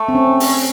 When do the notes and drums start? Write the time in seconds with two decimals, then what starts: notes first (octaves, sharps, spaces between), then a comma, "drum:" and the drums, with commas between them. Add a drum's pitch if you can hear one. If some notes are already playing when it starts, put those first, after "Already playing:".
Already playing: A3
0.08 C4
0.15 C#4
0.40 drum: open hi-hat